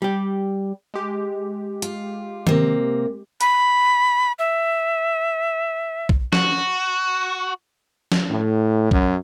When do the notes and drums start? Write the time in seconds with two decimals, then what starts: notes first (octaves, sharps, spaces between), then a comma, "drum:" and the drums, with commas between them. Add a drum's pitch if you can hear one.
0.02 G3 G4
0.94 G#3 G4
1.82 F4, drum: hi-hat
2.47 C3 A#3, drum: tom D#3
3.41 B5, drum: hi-hat
4.39 E5
6.09 drum: kick
6.33 F#4, drum: snare
8.12 drum: snare
8.30 A2
8.91 F#2, drum: kick